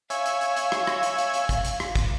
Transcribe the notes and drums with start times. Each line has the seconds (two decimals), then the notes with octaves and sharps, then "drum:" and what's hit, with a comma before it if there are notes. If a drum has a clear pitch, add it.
0.10 C#5 E5 F5 G#5, drum: hi-hat
0.26 drum: hi-hat
0.41 drum: hi-hat
0.57 drum: hi-hat
0.72 drum: rim click
0.87 drum: rim click
1.03 drum: hi-hat
1.18 drum: hi-hat
1.34 drum: hi-hat
1.49 drum: kick, hi-hat
1.65 drum: hi-hat
1.80 drum: rim click
1.95 drum: kick, hi-hat